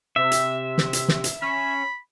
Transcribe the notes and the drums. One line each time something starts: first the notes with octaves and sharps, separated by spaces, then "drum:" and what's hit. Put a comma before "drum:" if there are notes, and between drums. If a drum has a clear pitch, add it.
C3 E5
drum: hi-hat
drum: snare
drum: hi-hat
drum: snare
drum: hi-hat
C#4 B5